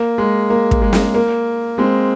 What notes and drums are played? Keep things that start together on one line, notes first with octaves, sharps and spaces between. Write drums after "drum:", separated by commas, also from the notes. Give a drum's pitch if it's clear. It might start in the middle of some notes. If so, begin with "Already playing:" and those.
Already playing: A#3
G#3
A#3
drum: kick
G#3
drum: snare
A#3
G#3 C4